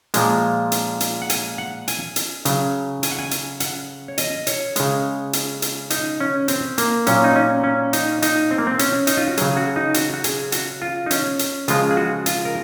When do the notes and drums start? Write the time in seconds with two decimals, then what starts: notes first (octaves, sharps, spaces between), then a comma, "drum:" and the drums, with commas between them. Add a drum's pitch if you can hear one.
0.14 A#2 F3 G#3, drum: hi-hat
0.72 drum: hi-hat
1.00 drum: hi-hat
1.22 F#5
1.30 G#5, drum: hi-hat
1.58 F#5
1.88 G#5, drum: hi-hat
2.16 drum: hi-hat
2.45 C#3 F#3, drum: hi-hat
3.03 G#5, drum: hi-hat
3.11 F#5
3.19 G#5
3.31 drum: hi-hat
3.60 F#5, drum: hi-hat
4.08 C#5
4.18 D#5, drum: hi-hat
4.47 C#5, drum: hi-hat
4.76 C#3 G#3, drum: hi-hat
5.33 drum: hi-hat
5.62 drum: hi-hat
5.90 D#4, drum: hi-hat
6.20 C#4
6.48 C4, drum: hi-hat
6.78 A#3, drum: hi-hat
7.07 A#2 F#3 C#4, drum: hi-hat
7.24 D#4
7.36 C#4
7.64 C#4
7.93 D#4, drum: hi-hat
8.22 D#4, drum: hi-hat
8.51 C4
8.58 A#3
8.67 C4
8.79 C#4, drum: hi-hat
9.07 D#4, drum: hi-hat
9.17 F4
9.28 F#4
9.37 C#3 F#3 G#4, drum: hi-hat
9.57 F#4
9.76 D#4
9.94 F#4, drum: hi-hat
10.14 F#4
10.24 G#4, drum: hi-hat
10.52 F#4, drum: hi-hat
10.82 F4
11.06 D#4
11.11 C#4, drum: hi-hat
11.39 drum: hi-hat
11.68 C#3 F3 G#3 F4, drum: hi-hat
11.91 G#4
11.97 F#4
12.26 F4, drum: hi-hat
12.45 A#4